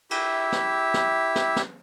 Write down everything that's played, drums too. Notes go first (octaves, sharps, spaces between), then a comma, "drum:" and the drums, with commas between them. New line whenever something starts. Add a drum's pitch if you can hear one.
E4 G4 E5, drum: cymbal
drum: snare
drum: snare
drum: snare
drum: snare